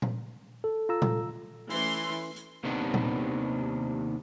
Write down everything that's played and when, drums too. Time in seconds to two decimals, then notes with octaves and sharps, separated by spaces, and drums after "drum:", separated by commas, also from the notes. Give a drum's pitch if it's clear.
0.02 drum: tom A#2
0.64 A4
0.89 F4 A#5 E6
1.02 drum: tom A#2
1.70 E3 A3 C#4 C6, drum: open hi-hat
2.36 drum: hi-hat
2.64 D#2 C3 D#3 B3 D4
2.94 drum: tom A#2